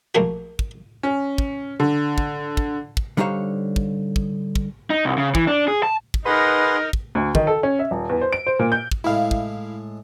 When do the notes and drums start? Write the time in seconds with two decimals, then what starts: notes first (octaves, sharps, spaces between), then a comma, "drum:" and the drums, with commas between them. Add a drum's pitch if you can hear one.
0.15 A#1 A3 A#3 F#4
0.59 drum: kick
1.03 C#4
1.38 drum: kick
1.80 D3
2.18 drum: kick
2.57 drum: kick
2.97 drum: kick
3.17 D3 G3 D#4 C5 C#5 F5
3.76 drum: kick
4.16 drum: kick
4.55 drum: kick
4.90 D#4
5.05 C2
5.18 C#3
5.35 E3, drum: kick
5.47 D4
5.68 G#4
5.83 A5
6.14 drum: kick
6.25 D#4 G#4 A#4 B4 F#5 C6
6.93 drum: kick
7.15 D2
7.35 D#3, drum: kick
7.47 A4
7.63 C#4
7.79 E5
7.91 D#1
8.09 E2
8.21 C5
8.33 D7
8.47 C5
8.59 A#2
8.72 G6
8.92 drum: kick
9.04 A2 G#3 E4 F5
9.31 drum: kick